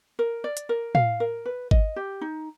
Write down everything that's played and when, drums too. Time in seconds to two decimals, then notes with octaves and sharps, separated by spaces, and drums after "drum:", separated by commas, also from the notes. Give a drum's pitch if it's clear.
0.19 A#4
0.44 D5
0.57 drum: hi-hat
0.69 A#4
0.95 F5, drum: tom A2
1.20 A#4
1.46 B4
1.71 D#5, drum: kick G#1
1.96 G4
2.21 D#4